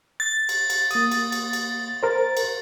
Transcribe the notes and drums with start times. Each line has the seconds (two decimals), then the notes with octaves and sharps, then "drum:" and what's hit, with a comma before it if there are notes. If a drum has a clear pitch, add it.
0.20 A6
0.49 drum: cymbal
0.70 drum: cymbal
0.91 A#3 D#6, drum: cymbal
1.12 drum: cymbal
1.32 drum: cymbal
1.53 drum: cymbal
2.03 A#4 C5
2.37 drum: cymbal